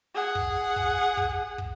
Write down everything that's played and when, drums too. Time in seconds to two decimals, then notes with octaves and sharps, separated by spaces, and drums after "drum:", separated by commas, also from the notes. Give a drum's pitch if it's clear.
0.15 G#4 F#5
0.35 drum: kick
0.76 drum: kick
1.17 drum: kick
1.58 drum: kick